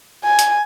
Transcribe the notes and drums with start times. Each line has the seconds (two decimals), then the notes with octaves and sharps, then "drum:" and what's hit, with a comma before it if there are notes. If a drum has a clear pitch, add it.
0.24 G#5
0.39 drum: hi-hat